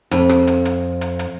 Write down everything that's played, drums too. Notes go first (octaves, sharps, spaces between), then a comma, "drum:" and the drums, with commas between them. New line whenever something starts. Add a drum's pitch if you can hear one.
F2, drum: hi-hat
drum: rim click
drum: hi-hat
drum: hi-hat
drum: hi-hat
drum: hi-hat